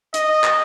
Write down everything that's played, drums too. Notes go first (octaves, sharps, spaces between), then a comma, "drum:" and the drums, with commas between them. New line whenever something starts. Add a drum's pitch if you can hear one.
D#5, drum: hi-hat
drum: clap